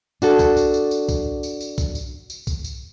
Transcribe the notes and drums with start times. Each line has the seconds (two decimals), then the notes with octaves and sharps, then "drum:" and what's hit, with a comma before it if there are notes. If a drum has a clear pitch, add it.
0.22 D4 F#4 A4, drum: tambourine
0.39 drum: kick C2, tambourine
0.57 drum: tambourine
0.74 drum: tambourine
0.91 drum: tambourine
1.09 drum: kick C2, tambourine
1.43 drum: tambourine
1.60 drum: tambourine
1.78 drum: kick C2, tambourine
1.95 drum: tambourine
2.30 drum: tambourine
2.47 drum: kick C2, tambourine
2.64 drum: tambourine